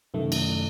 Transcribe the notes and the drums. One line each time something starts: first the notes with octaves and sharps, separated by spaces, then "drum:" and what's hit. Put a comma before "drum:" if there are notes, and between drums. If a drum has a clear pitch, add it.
F#2 C3 D#3 A3
drum: cymbal